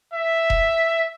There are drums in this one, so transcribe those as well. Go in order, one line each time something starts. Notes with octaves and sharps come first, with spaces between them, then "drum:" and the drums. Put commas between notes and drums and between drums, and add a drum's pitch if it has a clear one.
E5
drum: kick E1